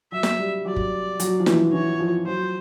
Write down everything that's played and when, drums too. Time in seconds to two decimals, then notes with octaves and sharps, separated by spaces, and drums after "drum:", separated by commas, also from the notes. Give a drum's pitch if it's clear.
0.12 F#3 E5
0.23 drum: snare
0.39 G3
0.65 F#3 D5
0.76 drum: kick
1.20 F#3, drum: hi-hat
1.40 F3
1.46 E3, drum: snare
1.73 E3 C#5
2.00 F3
2.26 F#3 C5